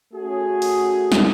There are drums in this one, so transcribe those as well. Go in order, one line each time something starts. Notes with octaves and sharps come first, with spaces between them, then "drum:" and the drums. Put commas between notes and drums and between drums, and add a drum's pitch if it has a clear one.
A3 C#4 F#4 G#4
drum: open hi-hat
drum: snare